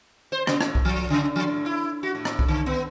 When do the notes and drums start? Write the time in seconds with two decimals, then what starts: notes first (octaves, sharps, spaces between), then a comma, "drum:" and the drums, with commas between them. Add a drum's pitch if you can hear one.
0.32 C5
0.47 C#3, drum: rim click
0.61 A2, drum: rim click
0.75 drum: kick C2
0.85 F3
1.10 C#3
1.36 F3
1.48 A2
1.66 E4
2.03 F#4
2.15 A2
2.25 drum: rim click
2.39 drum: kick C2
2.48 D3
2.66 B3